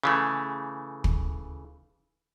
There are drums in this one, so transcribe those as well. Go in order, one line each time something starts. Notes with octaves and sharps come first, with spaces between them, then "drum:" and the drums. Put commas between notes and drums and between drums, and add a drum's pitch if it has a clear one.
C#3 E3 A3
drum: kick